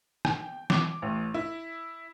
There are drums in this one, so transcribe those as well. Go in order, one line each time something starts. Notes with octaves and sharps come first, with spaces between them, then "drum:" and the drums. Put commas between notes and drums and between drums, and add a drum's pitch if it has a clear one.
G5, drum: rim click
D6, drum: snare
A1
E4